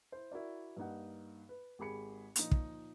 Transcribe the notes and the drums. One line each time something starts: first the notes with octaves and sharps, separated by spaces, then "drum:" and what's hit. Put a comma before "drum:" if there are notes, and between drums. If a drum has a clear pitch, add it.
E4 C5
E4 F#4 A#4 D5
G2 A#3 D#4 F#5
B4
G#1 G4 G#4 B5 C#7
A#2 F3 D#4, drum: hi-hat
drum: kick